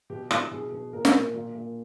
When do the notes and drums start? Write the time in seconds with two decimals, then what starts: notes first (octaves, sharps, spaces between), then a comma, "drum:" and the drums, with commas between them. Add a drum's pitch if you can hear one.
0.10 B2 G4
0.31 B2 E4, drum: rim click
0.51 B2 G#4
0.72 B2
0.93 A#2 A#4
1.05 drum: snare
1.14 A#2
1.34 A#2
1.55 A#2